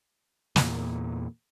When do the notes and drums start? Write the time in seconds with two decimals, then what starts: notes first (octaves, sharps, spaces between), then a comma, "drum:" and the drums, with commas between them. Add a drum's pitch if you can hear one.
0.56 E2 A#2, drum: snare